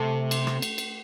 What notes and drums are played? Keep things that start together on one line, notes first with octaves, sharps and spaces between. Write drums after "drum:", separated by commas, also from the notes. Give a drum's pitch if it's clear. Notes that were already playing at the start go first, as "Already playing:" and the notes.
Already playing: C3 A3
drum: cymbal
drum: rim click
drum: cymbal
drum: cymbal